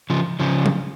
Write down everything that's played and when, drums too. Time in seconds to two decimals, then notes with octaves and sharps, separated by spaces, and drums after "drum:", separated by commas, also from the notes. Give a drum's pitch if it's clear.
0.10 C#3 F3
0.40 C#3 F3
0.66 drum: tom F#3